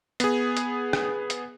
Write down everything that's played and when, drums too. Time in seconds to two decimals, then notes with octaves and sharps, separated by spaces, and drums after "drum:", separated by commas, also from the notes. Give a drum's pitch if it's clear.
0.20 B3 G#4, drum: hi-hat
0.57 drum: hi-hat
0.93 drum: rim click
1.30 drum: hi-hat